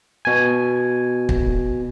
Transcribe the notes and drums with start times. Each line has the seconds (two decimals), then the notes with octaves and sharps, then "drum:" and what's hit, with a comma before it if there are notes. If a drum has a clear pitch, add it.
0.25 B2 G#5
1.29 drum: kick